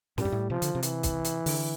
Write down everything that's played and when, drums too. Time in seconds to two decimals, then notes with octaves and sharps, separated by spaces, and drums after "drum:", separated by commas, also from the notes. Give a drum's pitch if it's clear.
0.18 A2 G3, drum: snare
0.25 G2
0.32 A2
0.50 C3 F3
0.62 D3, drum: hi-hat
0.75 C3
0.83 E3, drum: hi-hat
1.03 drum: kick, hi-hat
1.25 drum: hi-hat
1.46 D3, drum: open hi-hat